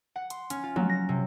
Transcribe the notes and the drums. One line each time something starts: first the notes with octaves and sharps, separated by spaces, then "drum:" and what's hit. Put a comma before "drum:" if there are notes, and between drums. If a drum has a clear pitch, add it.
F#5
C6, drum: hi-hat
C#4, drum: hi-hat
F4
F#3, drum: tom
A#6
C3